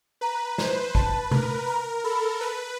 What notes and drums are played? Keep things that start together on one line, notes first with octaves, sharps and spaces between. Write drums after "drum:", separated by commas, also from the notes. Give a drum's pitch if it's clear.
B4 A#5
C5, drum: snare
B4 A5, drum: kick
A#4, drum: tom C3
A#4 A#5
A4 B5
B4